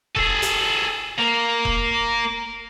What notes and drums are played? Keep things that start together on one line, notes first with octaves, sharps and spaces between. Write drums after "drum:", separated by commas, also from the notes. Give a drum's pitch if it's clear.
G#4 A4, drum: kick E1
drum: hi-hat
A#3
drum: kick E1